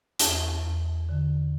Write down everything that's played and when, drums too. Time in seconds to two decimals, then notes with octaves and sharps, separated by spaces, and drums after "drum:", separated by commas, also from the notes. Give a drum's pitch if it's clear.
0.19 E2, drum: hi-hat
0.63 E2
1.09 D3